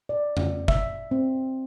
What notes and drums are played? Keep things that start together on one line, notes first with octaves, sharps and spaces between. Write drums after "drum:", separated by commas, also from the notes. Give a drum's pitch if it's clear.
D5
drum: tom F2
E5, drum: kick G1
C4